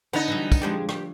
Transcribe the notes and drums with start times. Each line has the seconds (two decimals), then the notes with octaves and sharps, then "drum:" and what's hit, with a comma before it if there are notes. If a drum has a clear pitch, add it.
0.13 D3 B3 D#4
0.28 E3 F#3 G3
0.52 drum: kick, tambourine
0.62 F3 G#3 C4 G4 C5 D5
0.89 G4, drum: rim click